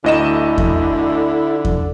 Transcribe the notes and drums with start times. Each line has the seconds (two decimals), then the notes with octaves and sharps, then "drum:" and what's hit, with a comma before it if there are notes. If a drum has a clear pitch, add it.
0.04 D2 D3 E4 D#5 E7
0.58 drum: kick E2
1.65 drum: kick E2